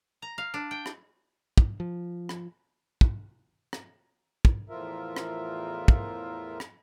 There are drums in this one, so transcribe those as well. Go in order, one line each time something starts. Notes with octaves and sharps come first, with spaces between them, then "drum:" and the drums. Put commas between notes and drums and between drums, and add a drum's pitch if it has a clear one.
A#5
F5
D4
G5
drum: rim click
drum: kick
F3
drum: rim click
drum: kick
drum: rim click
drum: kick
E2 A2 F3 F4 A#4 E5
drum: rim click
drum: kick
drum: rim click